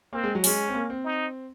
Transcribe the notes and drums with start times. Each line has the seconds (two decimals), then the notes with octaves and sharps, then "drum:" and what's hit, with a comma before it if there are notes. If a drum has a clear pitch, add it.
0.13 A#3 C4
0.24 G#3
0.35 F#3
0.44 G#3 C#4, drum: open hi-hat
0.68 C4
0.74 A#3
0.90 C4
1.05 D#4